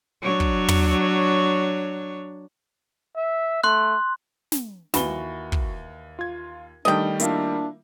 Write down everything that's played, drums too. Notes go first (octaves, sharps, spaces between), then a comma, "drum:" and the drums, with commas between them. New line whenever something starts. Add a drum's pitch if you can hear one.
F#3 D4 C#5
drum: kick
drum: tom
E5
A3 C6 F#6
drum: snare
D#2 E3 F#4 B5 G7, drum: snare
drum: kick
F4 G#6
D#3 G3 A3 D4 D#5 G5
A#3 D4 E4 F4, drum: hi-hat